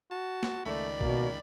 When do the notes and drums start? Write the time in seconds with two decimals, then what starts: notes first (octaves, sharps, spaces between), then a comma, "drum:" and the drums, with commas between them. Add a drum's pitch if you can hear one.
0.11 F#4 A5
0.43 drum: snare
0.65 C#2 D#3 A3 D5 B5
1.01 B2 A#3, drum: kick A#1